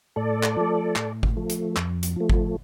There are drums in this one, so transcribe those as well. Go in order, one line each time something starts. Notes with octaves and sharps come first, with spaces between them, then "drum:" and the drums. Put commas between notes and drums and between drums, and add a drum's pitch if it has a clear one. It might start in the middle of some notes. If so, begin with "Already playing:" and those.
A2 A4 D5
drum: clap
F3 A3
A2, drum: clap
drum: kick G#1
F3 A3
drum: hi-hat
F2, drum: clap
drum: hi-hat
F3 A3
drum: kick G#1